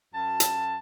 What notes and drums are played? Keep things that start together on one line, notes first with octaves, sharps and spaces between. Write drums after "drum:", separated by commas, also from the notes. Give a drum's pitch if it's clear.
F#2 F#4 A5
drum: hi-hat